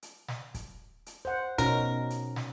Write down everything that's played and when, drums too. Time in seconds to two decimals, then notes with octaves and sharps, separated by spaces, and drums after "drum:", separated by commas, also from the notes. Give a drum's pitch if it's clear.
0.03 drum: hi-hat
0.28 drum: snare
0.54 drum: kick, hi-hat
1.06 drum: hi-hat
1.25 C5 F#5
1.58 B2 C#4 D#4 A#4, drum: kick, hi-hat
2.10 drum: hi-hat
2.36 drum: snare